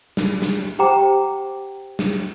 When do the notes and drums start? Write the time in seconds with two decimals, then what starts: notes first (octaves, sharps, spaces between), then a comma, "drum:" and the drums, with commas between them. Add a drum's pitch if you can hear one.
0.17 drum: snare
0.42 drum: snare
0.79 G4 C5 F#5 G5 A#5 D6
1.99 drum: snare